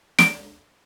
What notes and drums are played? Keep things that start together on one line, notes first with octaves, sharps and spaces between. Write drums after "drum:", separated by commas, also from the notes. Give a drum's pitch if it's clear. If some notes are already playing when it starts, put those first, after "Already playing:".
D7, drum: snare